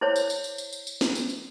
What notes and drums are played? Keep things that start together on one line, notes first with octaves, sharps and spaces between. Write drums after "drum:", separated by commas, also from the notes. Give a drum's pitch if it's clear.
E4 C5 C#5
drum: tambourine
drum: tambourine
drum: tambourine
drum: tambourine
drum: tambourine
drum: tambourine
drum: snare
drum: tambourine
drum: tambourine